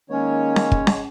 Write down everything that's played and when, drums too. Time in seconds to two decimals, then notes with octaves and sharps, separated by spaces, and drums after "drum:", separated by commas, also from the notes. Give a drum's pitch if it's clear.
0.10 D#3 G#3 A#3 C#4 C#5
0.56 drum: snare C#4
0.72 drum: kick
0.87 drum: snare C#4